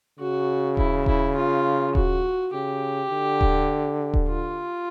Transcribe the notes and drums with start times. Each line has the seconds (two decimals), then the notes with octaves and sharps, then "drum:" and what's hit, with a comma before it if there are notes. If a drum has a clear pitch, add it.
0.19 C#3 F#4
0.77 E4, drum: kick D#1
1.06 E4, drum: kick D#1
1.36 F4
1.95 F#4, drum: kick D#1
2.53 C#3 G4
3.11 D3
3.41 drum: kick D#1
4.14 drum: kick D#1
4.29 F4